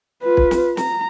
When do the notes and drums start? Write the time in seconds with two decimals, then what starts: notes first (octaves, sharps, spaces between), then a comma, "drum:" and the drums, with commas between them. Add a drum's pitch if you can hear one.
0.23 F4 B4
0.37 drum: kick
0.51 drum: snare
0.77 A#5, drum: snare